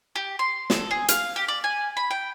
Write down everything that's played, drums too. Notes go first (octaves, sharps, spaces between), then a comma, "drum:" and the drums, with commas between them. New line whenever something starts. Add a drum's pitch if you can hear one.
G4
C6
A4, drum: snare
G#4
F5, drum: hi-hat
G4
D5
G#5
B5
G5